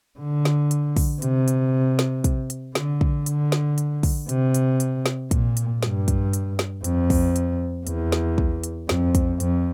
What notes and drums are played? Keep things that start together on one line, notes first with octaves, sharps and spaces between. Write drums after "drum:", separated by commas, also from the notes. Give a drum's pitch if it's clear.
D3
drum: snare
drum: hi-hat
drum: kick, open hi-hat
C3, drum: hi-hat
drum: hi-hat
drum: snare
drum: kick, hi-hat
drum: hi-hat
D3, drum: snare
drum: kick
D3, drum: hi-hat
drum: snare
drum: hi-hat
drum: kick, open hi-hat
C3, drum: hi-hat
drum: hi-hat
drum: hi-hat
drum: snare
A#2, drum: kick, hi-hat
drum: hi-hat
G2, drum: snare
drum: kick, hi-hat
drum: hi-hat
drum: snare
F2, drum: hi-hat
drum: kick, open hi-hat
drum: hi-hat
E2, drum: hi-hat
drum: snare
drum: kick
drum: hi-hat
F2, drum: snare
drum: kick, hi-hat
F2, drum: hi-hat